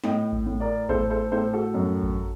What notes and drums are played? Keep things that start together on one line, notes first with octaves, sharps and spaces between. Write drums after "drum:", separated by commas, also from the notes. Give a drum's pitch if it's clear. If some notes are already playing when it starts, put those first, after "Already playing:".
A2 D#5 G5, drum: snare
drum: kick A1
A2
A#4 D5
A2 A4 C5, drum: kick A1
A4 C5
A2 A4 C5
F#4 A4
F#2
drum: kick A1